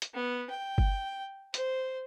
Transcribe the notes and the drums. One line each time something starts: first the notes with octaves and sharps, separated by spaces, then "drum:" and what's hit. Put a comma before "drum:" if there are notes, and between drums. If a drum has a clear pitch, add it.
drum: hi-hat
B3
G5
drum: kick G1
C5, drum: hi-hat